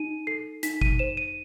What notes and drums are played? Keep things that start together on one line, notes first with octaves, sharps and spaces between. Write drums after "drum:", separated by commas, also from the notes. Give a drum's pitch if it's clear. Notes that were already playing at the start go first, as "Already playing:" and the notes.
Already playing: D#4 D#7
A4 C7
D#4 B6, drum: hi-hat
D#7, drum: kick G1
C5 E7
D#7